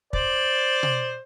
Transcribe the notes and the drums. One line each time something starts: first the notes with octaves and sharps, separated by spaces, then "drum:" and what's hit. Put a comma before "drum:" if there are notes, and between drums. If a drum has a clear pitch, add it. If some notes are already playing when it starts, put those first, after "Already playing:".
C5 D5, drum: kick
drum: tom B2